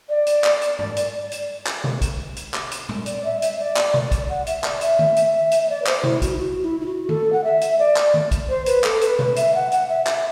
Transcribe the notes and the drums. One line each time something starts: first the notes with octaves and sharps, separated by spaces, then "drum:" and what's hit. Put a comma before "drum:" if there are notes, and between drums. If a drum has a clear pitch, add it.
D5
drum: hi-hat
drum: clap
drum: hi-hat
drum: tom
drum: hi-hat
drum: hi-hat
drum: clap
drum: tom B2
drum: kick, hi-hat
drum: hi-hat
drum: clap
drum: hi-hat
drum: tom
D5, drum: hi-hat
E5
E5, drum: hi-hat
D5
drum: clap
drum: tom B2
drum: kick, hi-hat
F#5
E5, drum: hi-hat
D5, drum: clap
E5, drum: hi-hat
drum: tom D#3
drum: hi-hat
drum: hi-hat
E5
D5
B4
C5, drum: clap
E4, drum: tom B2
F#4, drum: kick, hi-hat
E4
F#4
E4
E4
F#4
A4, drum: tom D#3
F#5
E5
drum: hi-hat
D5
drum: clap
drum: tom D#3
drum: kick, hi-hat
C5
B4, drum: hi-hat
A4, drum: clap
B4, drum: hi-hat
B4, drum: tom B2
E5, drum: hi-hat
F#5
F#5, drum: hi-hat
E5
E5, drum: clap